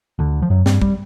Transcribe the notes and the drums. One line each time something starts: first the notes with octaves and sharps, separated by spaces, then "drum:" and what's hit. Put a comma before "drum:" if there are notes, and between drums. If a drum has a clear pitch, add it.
D2 D3
F3
F#2 F#3
G2 G3, drum: snare
G3, drum: kick